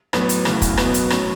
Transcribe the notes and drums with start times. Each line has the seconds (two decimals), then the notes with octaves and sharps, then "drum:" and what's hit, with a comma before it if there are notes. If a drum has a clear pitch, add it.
0.13 A1 A2 F#3 B3, drum: rim click
0.29 drum: hi-hat
0.45 F#1 F#2 C#3 E3 A3, drum: rim click
0.62 drum: kick, hi-hat
0.77 B2 F#3 B3, drum: rim click
0.94 drum: hi-hat
1.10 A2 F#3 C#4, drum: rim click